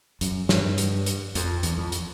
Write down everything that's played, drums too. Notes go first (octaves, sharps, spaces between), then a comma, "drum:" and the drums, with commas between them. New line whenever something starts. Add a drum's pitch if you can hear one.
F#2, drum: hi-hat
G2, drum: snare
drum: hi-hat
drum: hi-hat
F2, drum: hi-hat
E2, drum: hi-hat
F2
drum: hi-hat